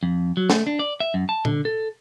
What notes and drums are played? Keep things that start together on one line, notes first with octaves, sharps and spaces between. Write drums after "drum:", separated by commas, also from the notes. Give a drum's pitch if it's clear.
F2
F#3
A3, drum: snare
D4
D5
E5
F#2
A5
D3, drum: tom A#2
A4